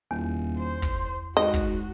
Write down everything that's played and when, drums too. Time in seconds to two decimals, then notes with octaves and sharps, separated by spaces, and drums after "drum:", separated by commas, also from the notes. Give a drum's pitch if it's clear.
0.11 D#1 E2
0.58 C5
0.82 drum: kick
1.37 G#2 F#4 D#5
1.54 drum: kick